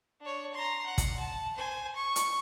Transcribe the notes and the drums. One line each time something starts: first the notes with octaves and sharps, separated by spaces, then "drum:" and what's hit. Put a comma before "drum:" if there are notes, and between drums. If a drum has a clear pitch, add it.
D4 C#5
A#5 C6
F#5
drum: kick, hi-hat
A5
C5 G#5
C#6
drum: hi-hat